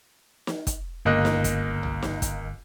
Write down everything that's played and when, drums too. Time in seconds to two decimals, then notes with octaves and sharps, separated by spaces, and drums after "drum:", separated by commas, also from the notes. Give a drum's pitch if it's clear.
0.47 drum: snare
0.67 drum: kick, hi-hat
1.05 G1 C#2 A#3 D#5 F#6
1.25 drum: snare
1.44 drum: kick, hi-hat
1.83 drum: tom
2.02 drum: snare
2.22 drum: kick, hi-hat